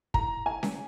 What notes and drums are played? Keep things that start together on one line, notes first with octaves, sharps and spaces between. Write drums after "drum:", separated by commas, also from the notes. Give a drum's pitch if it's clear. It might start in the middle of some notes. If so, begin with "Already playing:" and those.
A#5, drum: kick
G#5
drum: snare C#4